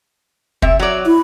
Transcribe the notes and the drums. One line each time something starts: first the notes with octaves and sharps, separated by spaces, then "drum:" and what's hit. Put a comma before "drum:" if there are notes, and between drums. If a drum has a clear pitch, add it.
C3 E5, drum: kick
F#3 D5
E4